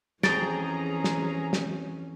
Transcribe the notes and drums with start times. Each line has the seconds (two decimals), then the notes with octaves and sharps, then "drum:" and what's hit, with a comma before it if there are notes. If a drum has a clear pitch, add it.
0.23 F2 E3 C#4 G#4 G5 A#5 A6 D7, drum: snare
1.04 drum: snare
1.53 drum: snare